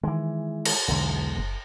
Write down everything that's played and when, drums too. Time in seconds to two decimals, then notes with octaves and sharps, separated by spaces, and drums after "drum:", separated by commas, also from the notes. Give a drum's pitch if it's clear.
0.03 D#3 E3 G#3
0.65 drum: cymbal
0.88 B1 E2 D3 G#3
1.38 F#1